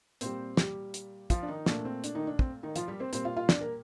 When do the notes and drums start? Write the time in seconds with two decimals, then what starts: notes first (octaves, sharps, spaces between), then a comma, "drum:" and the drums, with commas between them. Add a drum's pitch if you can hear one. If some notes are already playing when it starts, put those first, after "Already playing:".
0.21 A#2 G3 C4 C5, drum: hi-hat
0.57 G3 G4, drum: snare
0.94 drum: hi-hat
1.30 F3 F4, drum: kick, hi-hat
1.43 D4
1.48 D#3 D#4
1.66 A#2 A3 D4, drum: snare
1.85 C4
2.04 D4, drum: hi-hat
2.15 D#3 D#4
2.27 D4
2.39 C4, drum: kick
2.63 D#3 D#4
2.76 F3 F4, drum: hi-hat
2.88 G3 G4
3.00 C4 C5
3.13 A#2 G3 C4 C5, drum: hi-hat
3.25 F4 F5
3.36 F4 F5
3.49 D4 D5, drum: snare
3.61 A#3 A#4